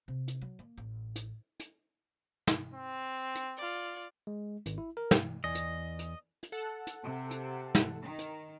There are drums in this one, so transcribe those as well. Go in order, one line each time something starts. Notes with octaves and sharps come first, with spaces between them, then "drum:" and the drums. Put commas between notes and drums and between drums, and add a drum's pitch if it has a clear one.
C3
drum: hi-hat
F#3
A#3
A1
drum: hi-hat
drum: hi-hat
drum: snare
C4
drum: hi-hat
F4 D5
G#3
G#1, drum: hi-hat
E4
A#4
drum: snare
E2 D5 D#5 G#5
drum: hi-hat
drum: hi-hat
drum: hi-hat
A4 F#5 A5
drum: hi-hat
C3
drum: hi-hat
drum: snare
D#3
drum: hi-hat